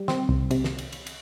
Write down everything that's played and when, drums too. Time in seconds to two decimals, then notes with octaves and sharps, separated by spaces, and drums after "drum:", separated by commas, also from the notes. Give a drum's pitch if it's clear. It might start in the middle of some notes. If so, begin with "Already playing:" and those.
Already playing: G3
0.08 C4, drum: snare
0.29 C2
0.51 C3, drum: cymbal
0.64 drum: snare
0.78 drum: cymbal
0.92 drum: cymbal
1.06 drum: cymbal